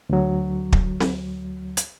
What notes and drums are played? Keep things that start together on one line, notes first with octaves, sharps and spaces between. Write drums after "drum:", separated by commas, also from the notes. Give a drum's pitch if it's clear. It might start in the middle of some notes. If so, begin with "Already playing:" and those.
D2 F#3
drum: kick
drum: snare C4
drum: hi-hat